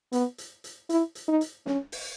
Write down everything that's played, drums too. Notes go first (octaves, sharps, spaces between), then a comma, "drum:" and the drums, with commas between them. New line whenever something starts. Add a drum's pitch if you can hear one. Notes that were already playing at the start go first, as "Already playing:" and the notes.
B3, drum: hi-hat
drum: hi-hat
drum: hi-hat
E4, drum: hi-hat
drum: hi-hat
D#4
drum: hi-hat
C#4, drum: snare
drum: open hi-hat